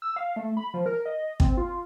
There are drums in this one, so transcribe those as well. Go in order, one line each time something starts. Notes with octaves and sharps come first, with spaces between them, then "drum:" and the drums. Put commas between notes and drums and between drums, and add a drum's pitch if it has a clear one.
E6
F5
A3
B5
F3
A#4
D#5
C4, drum: kick
F4